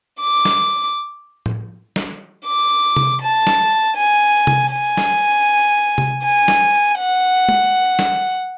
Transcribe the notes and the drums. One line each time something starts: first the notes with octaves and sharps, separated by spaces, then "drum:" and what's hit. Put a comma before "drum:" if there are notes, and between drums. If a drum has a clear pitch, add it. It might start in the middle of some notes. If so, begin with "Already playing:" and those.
D6
drum: snare
drum: tom A2
drum: snare
D6
drum: tom C3
A5
drum: snare
G#5
drum: tom C3
G#5
drum: snare
drum: tom C3
G#5
drum: snare
F#5
drum: tom
drum: snare